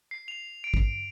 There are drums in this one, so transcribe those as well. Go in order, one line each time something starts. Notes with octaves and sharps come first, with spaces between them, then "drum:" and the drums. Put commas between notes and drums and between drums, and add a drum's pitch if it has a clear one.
C7
F7
D7
drum: kick